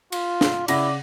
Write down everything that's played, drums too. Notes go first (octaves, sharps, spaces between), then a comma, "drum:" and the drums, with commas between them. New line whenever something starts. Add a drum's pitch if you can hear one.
F4, drum: cymbal
drum: snare
C#3 E4 D5 F#5 A#6, drum: cymbal